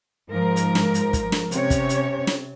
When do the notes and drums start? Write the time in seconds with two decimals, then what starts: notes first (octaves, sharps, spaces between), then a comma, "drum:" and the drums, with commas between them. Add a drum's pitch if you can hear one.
0.30 G#2 F3 A#4
0.56 drum: hi-hat
0.75 drum: snare
0.94 drum: hi-hat
1.13 drum: kick, hi-hat
1.32 drum: snare
1.51 C3 C#4 C#5, drum: hi-hat
1.70 drum: kick, hi-hat
1.89 drum: hi-hat
2.27 drum: snare